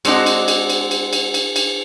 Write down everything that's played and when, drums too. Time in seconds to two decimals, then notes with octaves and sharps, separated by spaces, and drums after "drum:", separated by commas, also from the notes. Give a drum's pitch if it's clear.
0.05 G#3 C4 D4 D#4 F#4, drum: cymbal
0.26 drum: cymbal
0.48 drum: cymbal
0.69 drum: cymbal
0.91 drum: cymbal
1.13 drum: cymbal
1.34 drum: cymbal
1.56 drum: cymbal